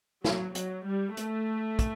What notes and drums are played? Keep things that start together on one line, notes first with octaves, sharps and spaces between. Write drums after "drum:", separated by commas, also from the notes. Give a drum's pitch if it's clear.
F#3, drum: snare
F#3, drum: hi-hat
G3
A3, drum: hi-hat
drum: kick, hi-hat